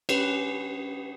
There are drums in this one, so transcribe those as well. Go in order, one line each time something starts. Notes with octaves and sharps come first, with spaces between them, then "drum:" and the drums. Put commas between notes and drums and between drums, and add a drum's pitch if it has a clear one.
C#4 G4 B4, drum: cymbal